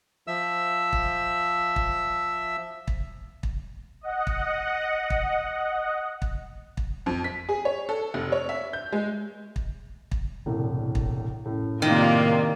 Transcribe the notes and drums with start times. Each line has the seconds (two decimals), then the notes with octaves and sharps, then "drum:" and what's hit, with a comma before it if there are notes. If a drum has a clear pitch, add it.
0.27 F3 E5 E6
0.93 drum: kick
1.76 drum: kick
2.88 drum: kick
3.43 drum: kick
4.01 D#5 F#5
4.27 drum: kick
5.10 drum: kick
6.22 drum: kick
6.77 drum: kick
7.06 F2
7.24 B6
7.49 G#4
7.65 C#5
7.89 A4
8.14 F1
8.32 C#5
8.49 E5
8.73 G6
8.92 G#3
9.56 drum: kick
10.12 drum: kick
10.46 E1 C2 A2
10.95 drum: kick
11.46 F#2 A2
11.82 C3 D#3 A#3 F4 A#4 D5